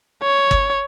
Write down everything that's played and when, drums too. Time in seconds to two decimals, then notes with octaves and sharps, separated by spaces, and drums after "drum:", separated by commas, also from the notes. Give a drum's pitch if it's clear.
0.23 C#5
0.51 drum: kick G1